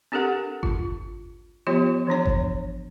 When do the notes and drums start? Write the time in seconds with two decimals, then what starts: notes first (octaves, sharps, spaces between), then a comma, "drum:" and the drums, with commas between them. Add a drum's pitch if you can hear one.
0.12 C4 D4 G4 A4 A#4 F#5
0.63 F4, drum: kick G1
1.67 F3 B3 F4 G4 C#5 D#5
2.07 E3 F3 D4 C#5
2.26 drum: kick G1